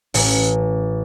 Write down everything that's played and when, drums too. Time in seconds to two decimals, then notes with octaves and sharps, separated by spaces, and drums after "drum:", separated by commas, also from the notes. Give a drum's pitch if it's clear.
0.14 A1, drum: open hi-hat